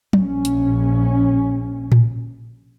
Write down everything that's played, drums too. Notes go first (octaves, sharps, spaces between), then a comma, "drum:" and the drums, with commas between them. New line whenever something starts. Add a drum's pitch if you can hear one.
A#1 C#4, drum: tom F#3
drum: hi-hat
drum: tom A2